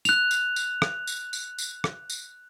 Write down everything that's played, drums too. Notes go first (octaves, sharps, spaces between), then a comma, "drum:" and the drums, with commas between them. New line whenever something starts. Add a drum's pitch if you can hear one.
F#6 F7, drum: tambourine
drum: tambourine
drum: tambourine
drum: rim click
drum: tambourine
drum: tambourine
drum: tambourine
drum: rim click
drum: tambourine